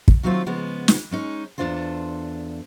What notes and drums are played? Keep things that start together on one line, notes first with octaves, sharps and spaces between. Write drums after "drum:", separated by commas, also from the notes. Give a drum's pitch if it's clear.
drum: kick
D#3 F#3 A3 C4 F4
C#3 F3 G#3 B3
drum: snare
G#3 C#4 D#4
E2 A#2 D4 F4 A4 C5